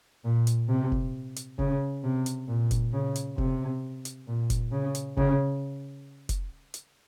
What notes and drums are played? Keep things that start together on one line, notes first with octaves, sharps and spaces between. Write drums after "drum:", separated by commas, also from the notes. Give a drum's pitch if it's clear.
A#2
drum: hi-hat
C3
drum: kick F1
drum: hi-hat
C#3, drum: kick F1
C3
drum: hi-hat
A#2
drum: kick F1, hi-hat
C#3
drum: hi-hat
C3, drum: kick F1
drum: hi-hat
A#2
drum: kick F1, hi-hat
C#3
drum: hi-hat
C#3, drum: kick F1
drum: kick F1, hi-hat
drum: hi-hat